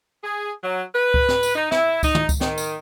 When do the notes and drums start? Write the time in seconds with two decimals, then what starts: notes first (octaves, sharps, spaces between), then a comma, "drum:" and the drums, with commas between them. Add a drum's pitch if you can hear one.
0.24 G#4
0.63 F#3
0.94 B4
1.14 drum: kick C#2
1.29 drum: snare
1.43 drum: tambourine
1.56 D#4
1.72 E4, drum: snare
2.03 D#4, drum: kick C#2, tambourine
2.15 drum: tom
2.29 drum: kick C#2, tambourine
2.41 D#3, drum: snare
2.58 drum: tambourine